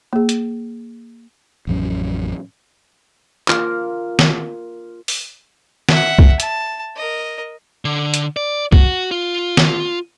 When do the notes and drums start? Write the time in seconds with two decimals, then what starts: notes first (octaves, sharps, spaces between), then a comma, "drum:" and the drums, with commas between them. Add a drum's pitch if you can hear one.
0.13 A#3 G#4
0.29 drum: hi-hat
1.67 A1 F2 F#3 C#4
3.48 A#3 F4 A#4, drum: clap
4.19 drum: snare
5.08 drum: open hi-hat
5.89 E5 F#5, drum: snare
6.19 drum: kick C2
6.40 A5, drum: hi-hat
6.97 A#4 D#5
7.85 D3
8.14 drum: hi-hat
8.37 D5
8.72 F#4, drum: kick C2
9.11 F4
9.57 drum: snare